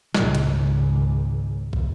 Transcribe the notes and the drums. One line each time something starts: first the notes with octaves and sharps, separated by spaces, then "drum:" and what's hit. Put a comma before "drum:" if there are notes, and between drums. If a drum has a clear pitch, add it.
G#1 C#2, drum: snare
drum: cymbal
drum: kick